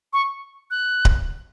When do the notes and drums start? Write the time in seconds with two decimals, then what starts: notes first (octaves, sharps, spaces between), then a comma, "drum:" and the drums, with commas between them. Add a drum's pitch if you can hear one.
0.13 C#6
0.71 F#6
1.05 drum: kick D1